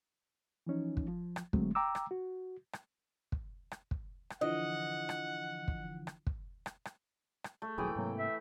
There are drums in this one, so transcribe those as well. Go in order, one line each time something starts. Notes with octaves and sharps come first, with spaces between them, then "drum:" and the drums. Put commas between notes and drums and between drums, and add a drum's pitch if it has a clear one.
E3 F3 C#4 D#4
drum: kick
F3
drum: rim click
D3 F#3 G#3 A3 C4, drum: kick
G5 A#5 D6 E6
drum: rim click
F#4
drum: rim click
drum: kick
drum: rim click
drum: kick
drum: rim click
D3 E3 F3 D#5 F#5
drum: rim click
drum: kick
drum: rim click
drum: kick
drum: rim click
drum: rim click
drum: rim click
A3
D#1 A#1 E3 F#3 G#4 G5
G#2 C3 F#3 A#3
E5